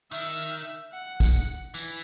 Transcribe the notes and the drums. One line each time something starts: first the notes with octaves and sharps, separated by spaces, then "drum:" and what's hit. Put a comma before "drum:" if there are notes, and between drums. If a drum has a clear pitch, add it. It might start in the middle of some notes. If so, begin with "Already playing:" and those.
D#3 E5, drum: tambourine
F#5
drum: kick, tambourine
E3, drum: tambourine